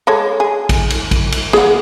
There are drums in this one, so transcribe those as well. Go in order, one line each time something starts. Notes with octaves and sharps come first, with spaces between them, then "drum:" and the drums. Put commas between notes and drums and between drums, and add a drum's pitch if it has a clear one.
G#3 A4 C#5
G#4
drum: kick, cymbal
drum: cymbal
drum: kick, cymbal
drum: cymbal
G#4 F#5, drum: snare